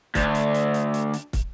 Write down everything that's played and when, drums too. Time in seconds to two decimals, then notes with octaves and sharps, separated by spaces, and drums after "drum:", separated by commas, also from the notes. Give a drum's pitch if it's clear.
0.15 D2, drum: kick, hi-hat
0.35 drum: hi-hat
0.54 drum: hi-hat
0.74 drum: hi-hat
0.94 drum: hi-hat
1.14 drum: hi-hat
1.33 drum: kick, hi-hat